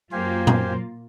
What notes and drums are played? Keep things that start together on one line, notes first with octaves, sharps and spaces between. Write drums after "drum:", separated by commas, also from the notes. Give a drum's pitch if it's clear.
F#2 A#3 F4 G4 C5 F5 G#5
drum: tom A#2